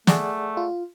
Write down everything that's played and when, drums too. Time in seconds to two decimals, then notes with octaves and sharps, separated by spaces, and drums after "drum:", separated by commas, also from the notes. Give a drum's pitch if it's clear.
0.07 A3 G#4 D5 F#5, drum: snare
0.57 F4